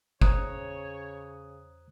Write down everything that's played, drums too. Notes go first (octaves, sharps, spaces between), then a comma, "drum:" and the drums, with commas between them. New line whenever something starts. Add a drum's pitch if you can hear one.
E2 C#3 C5 C#5 A#5 D#6 F#6 G#6, drum: kick